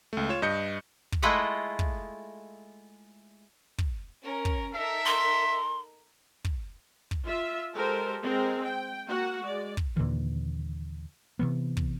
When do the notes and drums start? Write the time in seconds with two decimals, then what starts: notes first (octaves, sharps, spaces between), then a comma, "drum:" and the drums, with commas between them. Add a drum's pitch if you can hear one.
0.13 C#2 A3
0.29 F4 C#5 E7
0.42 G2 D#5 G6 C#7
1.12 drum: kick
1.22 G#3 A3 E4 F4 D#5 F#5
1.79 drum: kick
3.78 drum: kick
4.22 C#4 A#4
4.45 drum: kick
4.74 D#4 A4 A#4 E5
5.06 C6
6.45 drum: kick
7.11 drum: kick
7.25 F4 E5
7.75 G#3 G4 A4 A#4 C5
8.21 G#3 C4 A#4
8.63 G5
9.07 A#3 F#4 F#5
9.44 G#3 D5
9.77 drum: kick
9.97 D#2 A#2 D3 E3
11.39 C3 E3 B3
11.77 drum: kick